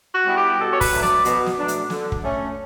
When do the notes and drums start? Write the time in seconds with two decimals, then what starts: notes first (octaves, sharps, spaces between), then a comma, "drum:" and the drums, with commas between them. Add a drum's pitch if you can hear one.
0.15 F#4
0.26 G3 B3 E4
0.38 G4
0.59 B2 A4
0.73 C#5
0.81 B4, drum: kick, open hi-hat
0.92 F#3 A3 D4
1.03 D5, drum: snare
1.25 B2, drum: hi-hat
1.46 drum: snare
1.57 F#3 A3 D4
1.68 drum: hi-hat
1.90 D3, drum: snare
2.12 drum: kick
2.23 A3 C#4